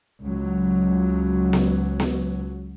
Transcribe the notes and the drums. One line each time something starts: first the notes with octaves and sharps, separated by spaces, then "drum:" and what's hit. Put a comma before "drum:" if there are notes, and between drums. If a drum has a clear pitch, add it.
C#2 F#3
drum: snare B3
drum: snare B3